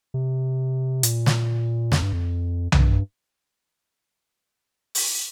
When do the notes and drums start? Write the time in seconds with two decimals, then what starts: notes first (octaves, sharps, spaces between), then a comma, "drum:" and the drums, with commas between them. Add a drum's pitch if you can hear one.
0.14 C3
1.03 A#2, drum: hi-hat
1.26 drum: snare
1.92 F2, drum: snare
2.02 G2
2.13 F2
2.72 F2, drum: tom B1
2.80 G2
4.95 drum: open hi-hat